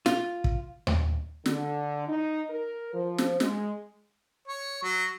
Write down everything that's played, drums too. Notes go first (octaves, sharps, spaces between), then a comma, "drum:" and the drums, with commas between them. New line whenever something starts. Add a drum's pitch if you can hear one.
F4, drum: snare
drum: kick
drum: tom D#2
D3, drum: snare
D#4
A#4
F3
drum: snare
G#3, drum: snare
C#5
F#3